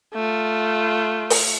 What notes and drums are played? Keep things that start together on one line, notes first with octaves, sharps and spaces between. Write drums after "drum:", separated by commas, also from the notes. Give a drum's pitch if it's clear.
A3 F4
drum: open hi-hat